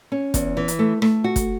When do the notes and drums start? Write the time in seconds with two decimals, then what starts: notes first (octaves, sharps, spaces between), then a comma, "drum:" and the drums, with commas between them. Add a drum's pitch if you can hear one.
0.12 C#4
0.34 E2, drum: kick, hi-hat
0.57 E3
0.68 drum: hi-hat
0.79 A3
1.02 A3, drum: rim click
1.24 F#4
1.36 drum: kick, hi-hat